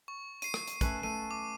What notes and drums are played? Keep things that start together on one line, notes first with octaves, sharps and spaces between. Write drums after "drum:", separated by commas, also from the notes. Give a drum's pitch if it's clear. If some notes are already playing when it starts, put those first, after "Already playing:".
C#6
C7 D#7, drum: hi-hat
drum: rim click
drum: hi-hat
A3 C#4 B4, drum: kick, hi-hat
A3 D#7
D6